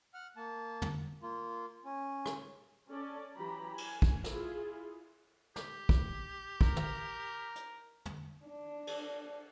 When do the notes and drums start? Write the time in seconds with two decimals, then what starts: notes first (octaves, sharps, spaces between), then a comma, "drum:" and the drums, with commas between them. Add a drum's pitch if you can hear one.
0.14 F#5 F6
0.36 A#3 A5
0.82 drum: tom
1.23 A#3 F4
1.85 C#4
2.26 drum: rim click
2.89 C#4 A4 D5
3.36 E3 F#3 G4 A#5 B5
3.78 G#5, drum: cymbal
4.02 drum: kick
4.24 E4 F4 G#4, drum: snare
5.56 G4, drum: snare
5.89 drum: kick
6.61 A#4, drum: kick
6.77 drum: tom
7.56 drum: hi-hat
8.05 drum: tom
8.45 D4
8.87 drum: cymbal